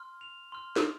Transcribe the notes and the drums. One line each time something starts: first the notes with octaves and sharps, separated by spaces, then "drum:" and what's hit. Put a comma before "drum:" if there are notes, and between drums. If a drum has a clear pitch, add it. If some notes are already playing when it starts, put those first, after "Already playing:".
Already playing: C6 F6
F7
C6 F6
drum: snare